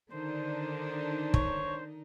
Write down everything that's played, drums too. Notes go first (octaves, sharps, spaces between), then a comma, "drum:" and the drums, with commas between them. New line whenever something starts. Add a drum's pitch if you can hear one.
D3 D#3 D4 D#4 C5
C#5, drum: kick